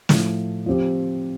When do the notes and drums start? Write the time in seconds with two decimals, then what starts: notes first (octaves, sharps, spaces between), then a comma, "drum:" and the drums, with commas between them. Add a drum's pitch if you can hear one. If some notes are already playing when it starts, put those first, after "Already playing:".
0.09 A2 F3 A3 E4, drum: snare
0.66 F3 C4 G4